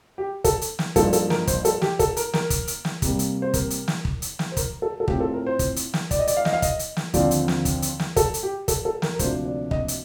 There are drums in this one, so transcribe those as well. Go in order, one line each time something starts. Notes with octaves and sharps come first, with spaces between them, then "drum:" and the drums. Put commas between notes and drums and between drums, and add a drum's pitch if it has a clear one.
G4
A4, drum: kick, hi-hat
drum: hi-hat
drum: snare
G2 F3 A#3 D#4 A4, drum: kick, hi-hat
A4, drum: hi-hat
A#4, drum: snare
C5, drum: kick, hi-hat
A4, drum: hi-hat
G4, drum: snare
A4, drum: kick, hi-hat
A#4, drum: hi-hat
A#4, drum: snare
drum: kick, hi-hat
drum: hi-hat
drum: snare
C3 G3 A#3, drum: kick, hi-hat
drum: hi-hat
C5
A#4, drum: kick, hi-hat
drum: hi-hat
drum: snare
drum: kick
drum: hi-hat
drum: snare
C5
A#4, drum: kick, hi-hat
A4
A4
A2 A3 C4 F4 G4, drum: kick
A4
A#4
C5
drum: kick, hi-hat
drum: hi-hat
drum: snare
D5, drum: kick, hi-hat
D#5
D5, drum: hi-hat
F5
D#5, drum: snare
F5
D#5, drum: kick, hi-hat
drum: hi-hat
drum: snare
D#2 D3 F3 C4 F4 D5, drum: kick, hi-hat
drum: hi-hat
drum: snare
drum: kick, hi-hat
drum: hi-hat
drum: snare
A4, drum: kick, hi-hat
drum: hi-hat
G4
A4, drum: kick, hi-hat
A4
A#4, drum: snare
A#4
D2 C3 F3 A#3 D4 C5, drum: kick, hi-hat
D5
D#5, drum: kick
drum: hi-hat